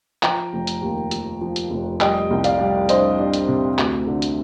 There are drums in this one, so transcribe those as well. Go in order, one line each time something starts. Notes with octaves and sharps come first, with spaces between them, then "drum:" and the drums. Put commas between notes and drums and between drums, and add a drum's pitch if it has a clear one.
F3 G5 A#5, drum: clap
F1
drum: hi-hat
D#2
F3, drum: hi-hat
F3
drum: hi-hat
F1
G3 D#5 G5, drum: clap
C2
D5 F5, drum: hi-hat
G3
D4 C5 D#5, drum: hi-hat
D4
drum: hi-hat
C3
D2, drum: clap
D3
drum: hi-hat